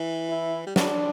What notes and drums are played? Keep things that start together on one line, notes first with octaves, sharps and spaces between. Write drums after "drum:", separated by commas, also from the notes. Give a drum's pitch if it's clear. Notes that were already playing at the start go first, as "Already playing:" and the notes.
Already playing: E3
E4
G3
F#3 D4, drum: snare